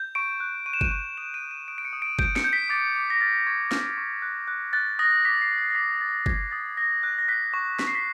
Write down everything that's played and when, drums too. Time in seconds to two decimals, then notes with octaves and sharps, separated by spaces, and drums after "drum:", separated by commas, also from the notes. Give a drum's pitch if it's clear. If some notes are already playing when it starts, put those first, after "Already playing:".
Already playing: G6
0.15 C#6 D7
0.40 F#6
0.66 C#6 D#7
0.74 E7
0.81 D#7, drum: kick G1
0.91 C#6 E7
1.17 D#6 E7
1.34 D#7
1.42 D#6
1.51 D#7
1.68 D#6 D7
1.78 D7
1.85 C#7
1.93 D#6
2.02 D7
2.19 G6 D7, drum: kick G1
2.36 C#7, drum: snare
2.44 G6
2.53 B6
2.69 D6 A6
2.96 D6
3.10 A#6
3.20 F6 A6
3.47 C#6 G#6
3.72 F6 G6, drum: snare
3.97 C#6
4.22 F#6
4.48 F#6
4.73 F#6 A6
4.99 D#6 A#6
5.25 D6 B6
5.41 C7
5.50 D6
5.58 C7
5.70 A#6
5.75 D6 B6
6.01 D6 A6
6.08 A#6
6.15 A6
6.26 D#6 G#6, drum: kick G1
6.51 D#6 A6
6.77 D#6 A#6
7.03 F#6
7.19 A#6
7.28 F#6 B6
7.54 C#6
7.79 C#6 B6, drum: snare
7.87 C7
7.95 B6